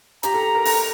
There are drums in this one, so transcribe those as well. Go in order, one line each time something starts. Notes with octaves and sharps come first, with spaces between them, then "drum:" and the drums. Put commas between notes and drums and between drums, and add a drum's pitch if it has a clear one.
G4 A#5, drum: hi-hat
A4
A#4
A4, drum: open hi-hat